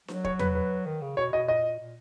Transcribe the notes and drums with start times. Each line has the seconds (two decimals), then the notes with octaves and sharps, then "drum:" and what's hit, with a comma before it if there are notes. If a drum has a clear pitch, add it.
0.08 F#3, drum: snare D4
0.25 C#5, drum: kick
0.39 B4, drum: tom E2
0.55 B4
0.86 D#3
1.01 C#3
1.17 B2 C#5
1.33 B2 D#5
1.48 A#2 D#5
1.79 A#2